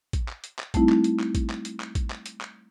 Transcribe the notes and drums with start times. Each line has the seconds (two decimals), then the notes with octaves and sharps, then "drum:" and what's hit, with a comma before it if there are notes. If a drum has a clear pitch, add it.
0.13 drum: kick A1, hi-hat
0.29 drum: clap
0.44 drum: hi-hat
0.59 drum: clap
0.74 G3 A3 C4 D#4 E4, drum: kick A1, hi-hat
0.89 drum: clap
1.04 drum: hi-hat
1.19 drum: clap
1.35 drum: kick A1, hi-hat
1.50 drum: clap
1.65 drum: hi-hat
1.80 drum: clap
1.95 drum: kick A1, hi-hat
2.10 drum: clap
2.26 drum: hi-hat
2.41 drum: clap